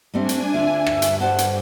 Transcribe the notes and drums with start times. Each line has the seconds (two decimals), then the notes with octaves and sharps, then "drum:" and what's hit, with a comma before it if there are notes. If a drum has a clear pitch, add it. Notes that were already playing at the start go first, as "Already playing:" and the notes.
0.14 G3 A3 C4 D4 G#5
0.29 drum: hi-hat
0.53 D2 F4 E5
0.86 G2, drum: rim click
1.02 drum: hi-hat
1.20 A4 C5 D5 F#5
1.38 drum: hi-hat